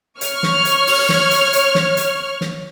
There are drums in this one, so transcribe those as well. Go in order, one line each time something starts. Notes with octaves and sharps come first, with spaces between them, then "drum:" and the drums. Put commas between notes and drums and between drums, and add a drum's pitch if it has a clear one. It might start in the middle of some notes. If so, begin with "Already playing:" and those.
C#5 C#6 F6, drum: hi-hat
drum: snare
drum: hi-hat
drum: open hi-hat
drum: snare
drum: hi-hat
drum: hi-hat
drum: snare
drum: hi-hat
drum: snare